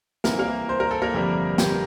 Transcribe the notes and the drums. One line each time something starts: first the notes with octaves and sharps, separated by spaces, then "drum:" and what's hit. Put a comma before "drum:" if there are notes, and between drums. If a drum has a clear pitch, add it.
C2 C3 E3 A#3 A#4, drum: snare
A#3 A#4
C5
A#4
A4
A#3 A#4
G1 F2 C3 G3
G4 G5, drum: snare